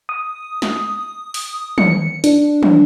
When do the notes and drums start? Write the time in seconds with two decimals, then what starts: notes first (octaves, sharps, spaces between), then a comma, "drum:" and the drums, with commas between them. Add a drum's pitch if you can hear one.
0.09 D#6
0.62 drum: snare
1.34 drum: open hi-hat
1.78 C#7, drum: tom
2.24 D4, drum: hi-hat
2.63 drum: tom